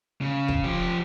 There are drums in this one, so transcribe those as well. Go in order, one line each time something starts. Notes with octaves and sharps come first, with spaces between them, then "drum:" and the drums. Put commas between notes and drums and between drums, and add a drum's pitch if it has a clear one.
C#3
drum: kick
F3 G4